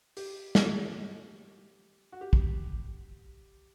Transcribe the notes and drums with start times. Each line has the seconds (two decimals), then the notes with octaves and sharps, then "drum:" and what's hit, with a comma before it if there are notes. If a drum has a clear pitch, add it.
0.17 G4, drum: open hi-hat
0.55 drum: snare
2.12 F#4
2.21 G4
2.33 drum: kick